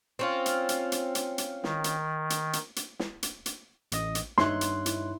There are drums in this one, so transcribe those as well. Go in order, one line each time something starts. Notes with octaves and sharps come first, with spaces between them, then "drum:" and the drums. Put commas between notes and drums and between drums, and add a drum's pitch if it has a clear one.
C4 C#4 F4
drum: hi-hat
drum: hi-hat
drum: hi-hat
drum: hi-hat
drum: hi-hat
D#3, drum: snare
drum: hi-hat
drum: hi-hat
drum: hi-hat
drum: hi-hat
drum: snare
drum: hi-hat
drum: hi-hat
A1 D#5 D#6, drum: hi-hat
drum: hi-hat
G2 B3 D#4 C#5 E5 C6 F#6, drum: snare
drum: hi-hat
E4, drum: hi-hat